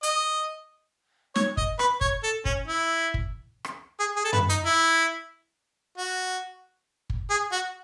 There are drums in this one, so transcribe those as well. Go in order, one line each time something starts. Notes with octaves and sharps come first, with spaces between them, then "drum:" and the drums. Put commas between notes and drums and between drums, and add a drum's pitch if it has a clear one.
D#5, drum: hi-hat
C#5, drum: snare
D#5, drum: kick
B4, drum: rim click
C#5, drum: kick
A4
C#4, drum: kick
E4
drum: kick
drum: rim click
G#4
G#4
A4
B4, drum: tom F#2
D#4, drum: hi-hat
E4
F#4
drum: kick
G#4
F#4